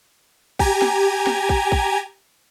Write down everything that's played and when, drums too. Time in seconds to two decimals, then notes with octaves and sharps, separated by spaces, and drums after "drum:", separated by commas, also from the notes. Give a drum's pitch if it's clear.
0.59 G4 G#5 A#5 G#6, drum: kick
0.82 drum: snare
1.27 drum: snare
1.49 drum: kick
1.72 drum: kick